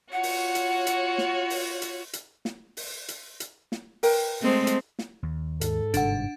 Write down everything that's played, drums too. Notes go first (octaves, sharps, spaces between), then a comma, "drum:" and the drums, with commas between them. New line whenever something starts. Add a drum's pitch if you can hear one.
F4 F#4 C#5 F#5
drum: open hi-hat
drum: hi-hat
drum: hi-hat
drum: snare
drum: open hi-hat
drum: hi-hat
drum: hi-hat
drum: snare
drum: open hi-hat
drum: hi-hat
drum: hi-hat
drum: snare
A#4 B4 G5, drum: open hi-hat
G#3 A3 C4
drum: hi-hat
drum: snare
D#2
G#2 A4, drum: hi-hat
G1 C3 D4 F#5, drum: hi-hat